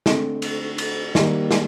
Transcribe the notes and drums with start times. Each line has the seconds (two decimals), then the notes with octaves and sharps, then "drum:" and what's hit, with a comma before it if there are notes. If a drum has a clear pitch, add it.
0.06 D3 A3 C4, drum: snare
0.42 drum: cymbal
0.78 drum: cymbal
1.15 D#3 G3 A#3, drum: snare
1.51 drum: snare